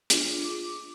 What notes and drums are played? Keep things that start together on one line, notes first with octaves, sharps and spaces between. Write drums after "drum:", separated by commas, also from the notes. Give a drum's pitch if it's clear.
D4 F4 G#4, drum: hi-hat
D6